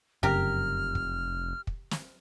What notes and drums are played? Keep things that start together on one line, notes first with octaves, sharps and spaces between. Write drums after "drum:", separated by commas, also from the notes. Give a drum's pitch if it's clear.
F1 F#2 C#3 G4 A#4 F6
drum: kick
drum: kick
drum: snare